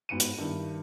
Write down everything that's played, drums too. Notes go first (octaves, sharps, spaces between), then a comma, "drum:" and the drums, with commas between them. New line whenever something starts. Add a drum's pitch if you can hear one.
G#2 B3 F#4 C#7 D#7
drum: hi-hat
G2 D#3 E4